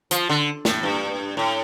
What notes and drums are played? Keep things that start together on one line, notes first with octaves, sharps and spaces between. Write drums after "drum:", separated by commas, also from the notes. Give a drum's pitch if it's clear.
F3, drum: hi-hat
D3
A2, drum: snare
G2
A2